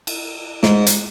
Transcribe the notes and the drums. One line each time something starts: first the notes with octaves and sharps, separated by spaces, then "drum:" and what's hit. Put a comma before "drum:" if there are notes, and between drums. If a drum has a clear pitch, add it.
drum: cymbal
G#2, drum: snare
drum: hi-hat